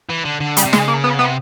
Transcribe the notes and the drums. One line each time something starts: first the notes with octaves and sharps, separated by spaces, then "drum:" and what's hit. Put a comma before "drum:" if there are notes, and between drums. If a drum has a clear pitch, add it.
E3
D3
D3
C#3 G3, drum: hi-hat
C3
C#3 G#3, drum: snare
A#3
B3
C3 B3